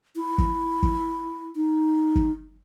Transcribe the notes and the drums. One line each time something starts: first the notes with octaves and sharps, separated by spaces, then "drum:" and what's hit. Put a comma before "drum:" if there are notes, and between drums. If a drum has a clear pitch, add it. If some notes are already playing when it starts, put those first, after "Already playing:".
E4
drum: kick
drum: kick
D#4
drum: kick